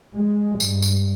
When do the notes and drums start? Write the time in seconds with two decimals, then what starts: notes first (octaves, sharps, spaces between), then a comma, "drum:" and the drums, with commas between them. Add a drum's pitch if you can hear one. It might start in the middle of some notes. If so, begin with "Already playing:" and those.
0.17 G#3
0.60 G2, drum: tambourine
0.82 drum: tambourine